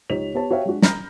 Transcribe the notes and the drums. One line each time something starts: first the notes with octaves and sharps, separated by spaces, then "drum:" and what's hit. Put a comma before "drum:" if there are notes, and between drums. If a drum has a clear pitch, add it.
C#2 D#4 G4 C#5 B6 F7
B3 G4 C#5 A5
F#4 G4 C#5 E5 F5 G5
G#3 D4 F#4
A#5 B5 F6 G6 A#6, drum: snare